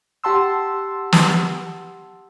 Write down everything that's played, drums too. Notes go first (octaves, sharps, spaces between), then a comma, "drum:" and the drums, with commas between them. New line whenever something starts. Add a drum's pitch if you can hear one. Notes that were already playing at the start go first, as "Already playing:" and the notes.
G4 F#5 A5 C6 E6
drum: snare